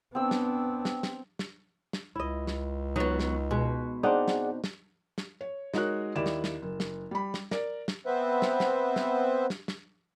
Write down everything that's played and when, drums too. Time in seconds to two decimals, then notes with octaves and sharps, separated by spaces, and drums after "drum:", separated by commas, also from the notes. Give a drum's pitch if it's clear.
0.15 B3 C4 D4 E6
0.31 drum: snare
0.85 drum: snare
1.03 drum: snare
1.39 drum: snare
1.93 drum: snare
2.15 C#2 E4 D#5
2.47 drum: snare
2.96 F#3 B3 D#4
3.19 drum: snare
3.51 B2 G#3
4.03 C4 D4 D#4 G#4 D5 F#5
4.28 drum: snare
4.64 drum: snare
5.18 drum: snare
5.41 C#5
5.74 G#3 D#4 F#4 A#4 C#5 F#6, drum: snare
6.16 D#2 E4 G4 D5 D#5 E7
6.26 drum: snare
6.44 drum: snare
6.62 F#1
6.80 drum: snare
7.11 G3 B5
7.34 drum: snare
7.51 A#4 D5, drum: snare
7.88 drum: snare
8.06 B3 C4 B4 C5 E5
8.42 drum: snare
8.60 drum: snare
8.96 drum: snare
9.50 drum: snare
9.68 drum: snare